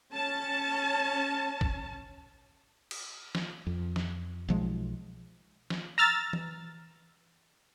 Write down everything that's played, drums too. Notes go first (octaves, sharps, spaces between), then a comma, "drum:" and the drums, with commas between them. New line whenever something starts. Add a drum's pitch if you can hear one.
C#4 A5
drum: kick
drum: cymbal
drum: snare
F2
drum: snare
B1 F3 G#3
drum: snare
A#5 E6 F6 A6
drum: tom E3